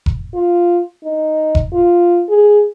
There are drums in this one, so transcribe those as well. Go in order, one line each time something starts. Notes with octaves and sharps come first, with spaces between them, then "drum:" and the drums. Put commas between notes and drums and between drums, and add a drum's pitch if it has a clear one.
drum: kick F1
F4
D#4
drum: kick F1
F4
G#4